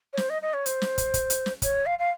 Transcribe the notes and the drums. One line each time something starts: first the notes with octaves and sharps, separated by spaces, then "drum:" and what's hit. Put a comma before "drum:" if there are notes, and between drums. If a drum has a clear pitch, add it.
C#5
C5, drum: snare
D#5
D#5
C#5
C5, drum: hi-hat
drum: snare
drum: kick, hi-hat
drum: kick, hi-hat
drum: hi-hat
drum: snare
C#5, drum: kick, hi-hat
F5
F5